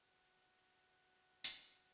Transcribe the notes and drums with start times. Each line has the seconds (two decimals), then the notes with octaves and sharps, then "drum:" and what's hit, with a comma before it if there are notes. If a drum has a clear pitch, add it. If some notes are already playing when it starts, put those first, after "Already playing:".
Already playing: F#4
1.44 drum: hi-hat
1.58 F#4